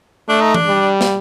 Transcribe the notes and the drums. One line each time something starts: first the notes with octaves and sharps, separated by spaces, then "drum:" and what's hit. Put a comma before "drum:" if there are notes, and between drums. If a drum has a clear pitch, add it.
A3 D4
D#4
D4, drum: tom E3
G3
drum: snare